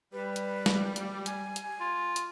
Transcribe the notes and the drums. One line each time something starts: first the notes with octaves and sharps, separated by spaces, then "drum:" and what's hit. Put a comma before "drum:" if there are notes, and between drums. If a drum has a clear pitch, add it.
G3 B4
drum: hi-hat
drum: snare
drum: hi-hat
G#5, drum: hi-hat
drum: hi-hat
F4
drum: hi-hat